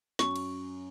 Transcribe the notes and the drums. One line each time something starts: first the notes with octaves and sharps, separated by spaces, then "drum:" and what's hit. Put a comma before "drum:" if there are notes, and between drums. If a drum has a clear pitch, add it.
F#2 C#6, drum: snare
drum: cymbal